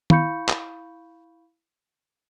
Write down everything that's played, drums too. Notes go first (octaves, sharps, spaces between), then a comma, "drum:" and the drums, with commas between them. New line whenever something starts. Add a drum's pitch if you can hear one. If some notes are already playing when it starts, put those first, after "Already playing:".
E4 F5 B5 C#6 G6 C#7, drum: tom
drum: clap